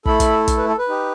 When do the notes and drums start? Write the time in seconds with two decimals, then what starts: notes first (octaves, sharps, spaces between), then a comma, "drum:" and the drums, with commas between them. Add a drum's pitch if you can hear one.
0.06 A3 E4 A4 B5, drum: kick
0.20 drum: kick, hi-hat
0.48 drum: kick, hi-hat
0.58 B4
0.69 A4
0.79 B4
0.89 D#4 G4